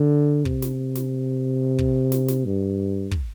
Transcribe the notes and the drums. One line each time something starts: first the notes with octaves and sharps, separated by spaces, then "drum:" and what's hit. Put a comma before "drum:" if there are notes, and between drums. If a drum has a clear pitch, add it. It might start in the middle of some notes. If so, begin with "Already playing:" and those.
Already playing: D3
C3, drum: kick
drum: snare
drum: snare
drum: kick
drum: snare
drum: snare
G2
drum: kick